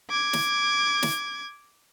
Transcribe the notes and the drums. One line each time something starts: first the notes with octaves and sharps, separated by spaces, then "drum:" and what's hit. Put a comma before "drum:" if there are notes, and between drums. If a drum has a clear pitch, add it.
D6 G#6
drum: snare
drum: snare